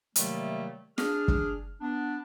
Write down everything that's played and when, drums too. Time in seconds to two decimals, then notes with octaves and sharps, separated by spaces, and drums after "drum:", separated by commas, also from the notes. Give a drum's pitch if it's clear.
0.16 C3 D#3 F#3 G3 A3 A#3, drum: hi-hat
0.98 D4 G#4 F6, drum: snare
1.28 drum: kick
1.81 B3 D4